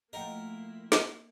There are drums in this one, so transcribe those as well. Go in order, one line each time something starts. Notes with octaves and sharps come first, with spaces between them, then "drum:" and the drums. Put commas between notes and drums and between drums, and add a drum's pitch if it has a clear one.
F3 A3 A#3 E4 A#4 D#5 F#5 G5
drum: snare